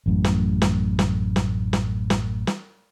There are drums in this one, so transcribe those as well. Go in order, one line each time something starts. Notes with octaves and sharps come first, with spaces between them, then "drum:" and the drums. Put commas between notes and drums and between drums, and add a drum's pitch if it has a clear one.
A1 F#2 A2
drum: snare
drum: snare
drum: snare
drum: snare
drum: snare
drum: snare
drum: snare